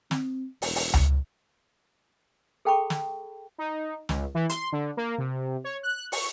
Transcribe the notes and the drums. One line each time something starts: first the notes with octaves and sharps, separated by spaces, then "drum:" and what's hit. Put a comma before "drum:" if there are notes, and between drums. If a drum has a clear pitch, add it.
C4, drum: snare
E1, drum: open hi-hat
drum: open hi-hat
drum: tom C#2
G#4 A4 G5 A5 B5 C#6
drum: snare
D#4
C#2, drum: snare
E3
C6, drum: hi-hat
D3
A#3
C3
C#5
F#6
C#6, drum: open hi-hat